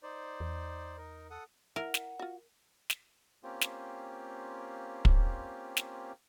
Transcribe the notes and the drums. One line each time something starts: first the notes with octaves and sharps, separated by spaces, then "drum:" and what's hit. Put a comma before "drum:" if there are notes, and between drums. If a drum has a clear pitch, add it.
D#4 C5 D5
E2
D#4 A#4
A4 F#5 D#6
E4 A#4 F#5
drum: snare
F4 F#4
drum: snare
A#3 C4 C#4 F4 G4
drum: snare
drum: kick
drum: snare